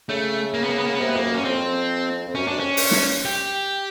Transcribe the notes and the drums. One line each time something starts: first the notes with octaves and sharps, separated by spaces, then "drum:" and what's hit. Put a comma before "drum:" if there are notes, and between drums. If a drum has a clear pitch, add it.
C#3 A3
A#3
B3
A#3
B3
A#3
B3
C3 A#3
B3
F2 A#3
F#2
C#4
F#2
F2 C4
F2
F#2 C#4
F#2 D4
F2 C#4
drum: open hi-hat
drum: snare
G4